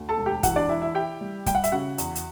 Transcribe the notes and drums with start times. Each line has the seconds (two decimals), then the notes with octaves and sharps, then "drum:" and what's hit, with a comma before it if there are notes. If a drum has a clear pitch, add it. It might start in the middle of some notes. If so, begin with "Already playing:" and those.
Already playing: D2
0.09 A4 A5
0.18 E1
0.26 G4 G5
0.43 E3 F#4 F#5, drum: kick, hi-hat
0.56 D4 D5
0.69 E3 E4 E5
0.82 E4 E5
0.95 E4 G4 G5
1.21 G3
1.46 G3 G5, drum: kick, hi-hat
1.55 F#5
1.64 E5, drum: hi-hat
1.72 C#3 F#4 F#5
1.98 E2, drum: hi-hat
2.15 drum: hi-hat